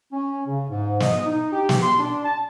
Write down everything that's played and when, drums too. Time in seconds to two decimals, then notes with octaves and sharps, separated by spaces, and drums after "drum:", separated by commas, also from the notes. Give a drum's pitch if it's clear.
0.12 C#4
0.47 C#3
0.70 G#2
1.00 D#5, drum: snare
1.26 D#4
1.53 G4
1.69 drum: snare
1.82 C6
1.99 D4
2.24 A5